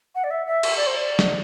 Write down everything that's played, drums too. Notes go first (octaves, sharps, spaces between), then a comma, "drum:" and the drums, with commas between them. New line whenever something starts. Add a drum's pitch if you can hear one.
F#5
D5
E5
E5
drum: cymbal
D5
C5
D5
drum: snare